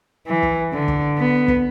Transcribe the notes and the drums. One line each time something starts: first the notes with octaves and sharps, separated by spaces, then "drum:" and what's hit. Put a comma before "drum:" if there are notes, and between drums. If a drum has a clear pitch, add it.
E3
drum: kick
D3
drum: kick
B3
drum: kick